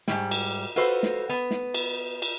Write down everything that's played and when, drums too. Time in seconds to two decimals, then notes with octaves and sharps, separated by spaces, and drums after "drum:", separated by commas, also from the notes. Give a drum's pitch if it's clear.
0.08 G#2 C3 G3, drum: snare
0.31 drum: cymbal
0.76 F4 F#4 A4 B4 C5
1.03 drum: snare
1.29 B3
1.51 drum: snare
1.74 drum: cymbal
2.22 drum: cymbal